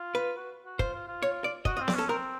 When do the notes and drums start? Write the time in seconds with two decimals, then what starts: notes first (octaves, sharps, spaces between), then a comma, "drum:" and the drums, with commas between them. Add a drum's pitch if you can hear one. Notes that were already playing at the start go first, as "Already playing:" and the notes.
Already playing: F4
0.15 B4
0.37 F#4
0.65 F#4
0.79 F4 C5, drum: kick
0.94 F4
1.08 F4
1.22 C#5
1.44 D5
1.65 F#4 D#5, drum: kick
1.77 D#5
1.81 C4
1.88 D5, drum: snare B3
1.94 C#4 A4
2.09 C4 A#4